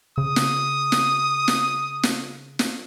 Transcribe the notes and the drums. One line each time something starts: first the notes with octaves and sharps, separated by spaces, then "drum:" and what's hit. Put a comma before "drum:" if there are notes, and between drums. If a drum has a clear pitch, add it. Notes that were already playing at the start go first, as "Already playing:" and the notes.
C#3 D#6
drum: snare
drum: snare
drum: snare
drum: snare
drum: snare